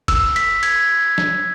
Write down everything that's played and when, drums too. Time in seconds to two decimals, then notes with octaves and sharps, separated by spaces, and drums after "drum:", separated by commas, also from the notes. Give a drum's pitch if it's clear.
0.08 E6, drum: kick F#1, cymbal
0.36 B6, drum: cymbal
0.63 G#6, drum: cymbal
1.18 drum: snare